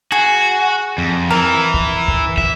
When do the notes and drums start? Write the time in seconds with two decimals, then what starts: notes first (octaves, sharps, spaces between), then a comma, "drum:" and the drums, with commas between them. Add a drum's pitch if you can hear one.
0.12 F#4 G#4
0.98 F2
1.30 E3 E4 A#4
1.74 drum: kick
2.08 drum: kick
2.38 E5, drum: kick